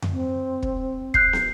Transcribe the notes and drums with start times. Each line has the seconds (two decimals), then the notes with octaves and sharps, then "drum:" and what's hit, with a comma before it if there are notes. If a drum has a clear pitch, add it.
0.02 drum: tom F2
0.12 C4
0.63 drum: kick
1.14 F#6 G6 C7, drum: kick
1.33 drum: snare